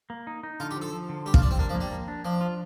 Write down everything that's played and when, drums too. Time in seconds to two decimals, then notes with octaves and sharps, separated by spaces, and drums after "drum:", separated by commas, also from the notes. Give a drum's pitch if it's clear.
0.10 A#3
0.27 D#4
0.43 D#4
0.60 D3 F4
0.71 G4
0.76 F3
0.82 A4
0.93 F3
1.09 D3
1.26 G3 G4
1.34 F4, drum: kick
1.42 G3 D4
1.51 C4
1.59 A#3 D4
1.69 F3
1.75 A#3
1.81 G3
1.91 A#3
2.08 D4
2.25 F3 D4
2.41 F4